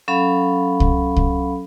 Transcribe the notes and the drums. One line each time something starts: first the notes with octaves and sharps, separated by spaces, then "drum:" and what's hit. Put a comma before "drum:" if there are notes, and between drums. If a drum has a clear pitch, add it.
F#3 C#4 A4 F5 B5
drum: kick C2
drum: kick C2